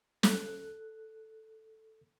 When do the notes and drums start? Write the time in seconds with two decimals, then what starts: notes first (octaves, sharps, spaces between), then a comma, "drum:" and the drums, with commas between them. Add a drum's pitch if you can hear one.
0.23 A4 F#6, drum: snare